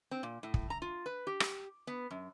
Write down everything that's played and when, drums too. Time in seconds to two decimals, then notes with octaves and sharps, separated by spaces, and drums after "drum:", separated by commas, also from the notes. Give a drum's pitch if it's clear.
0.11 C4
0.23 A#2
0.43 A2
0.54 drum: kick
0.70 A#5
0.82 F4
1.06 B4
1.27 G4
1.40 drum: rim click
1.87 B3
2.11 F#2